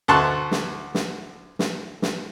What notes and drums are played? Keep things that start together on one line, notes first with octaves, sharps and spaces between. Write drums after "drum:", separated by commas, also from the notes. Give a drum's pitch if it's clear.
D2 A4 A5 C6 C#6 F#6
drum: snare
drum: snare
drum: snare
drum: snare